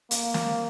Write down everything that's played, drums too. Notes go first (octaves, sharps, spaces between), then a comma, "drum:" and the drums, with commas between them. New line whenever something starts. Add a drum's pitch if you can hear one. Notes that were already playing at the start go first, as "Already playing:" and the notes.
A#3, drum: hi-hat
drum: snare